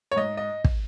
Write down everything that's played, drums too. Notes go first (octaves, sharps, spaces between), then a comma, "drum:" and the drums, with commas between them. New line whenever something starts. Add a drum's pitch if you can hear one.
C#5
G#2 D#5
D#5
drum: kick